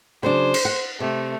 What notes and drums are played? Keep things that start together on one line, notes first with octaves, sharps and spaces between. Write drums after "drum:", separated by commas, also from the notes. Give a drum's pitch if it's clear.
C#3 F#3 D4 C5
drum: cymbal
F#5
C3 A3